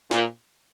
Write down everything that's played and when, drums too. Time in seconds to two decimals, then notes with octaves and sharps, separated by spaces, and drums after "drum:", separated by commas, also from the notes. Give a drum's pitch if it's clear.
0.11 A#2, drum: snare